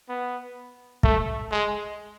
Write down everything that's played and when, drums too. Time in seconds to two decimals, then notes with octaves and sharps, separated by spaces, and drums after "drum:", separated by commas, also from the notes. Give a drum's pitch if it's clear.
0.09 B3
1.03 A3, drum: kick
1.51 G#3